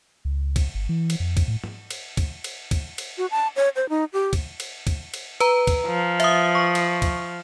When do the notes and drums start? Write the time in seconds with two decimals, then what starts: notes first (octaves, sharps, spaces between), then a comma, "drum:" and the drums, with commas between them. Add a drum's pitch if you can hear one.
0.25 C#2
0.56 drum: kick, cymbal
0.75 G1
0.89 E3
1.10 drum: cymbal
1.20 F2
1.37 drum: kick, cymbal
1.48 A2
1.64 drum: tom G#2
1.90 drum: cymbal
2.17 drum: kick, cymbal
2.44 drum: cymbal
2.71 drum: kick, cymbal
2.98 drum: cymbal
3.18 F#4
3.31 A5
3.56 C#5
3.76 C5
3.89 D#4
4.13 G4
4.33 drum: kick, cymbal
4.60 drum: cymbal
4.87 drum: kick, cymbal
5.14 drum: cymbal
5.40 B4 A#5, drum: cymbal
5.67 drum: kick, cymbal
5.87 F3
6.20 E5 D#6, drum: cymbal
6.55 C#6
6.75 drum: cymbal
7.02 drum: kick, cymbal